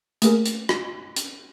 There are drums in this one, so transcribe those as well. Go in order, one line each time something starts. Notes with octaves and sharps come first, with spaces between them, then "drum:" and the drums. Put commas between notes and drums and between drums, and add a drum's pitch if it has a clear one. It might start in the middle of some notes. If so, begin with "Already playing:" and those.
A3 A#3 G#4 A#4, drum: hi-hat
drum: hi-hat
drum: rim click
drum: hi-hat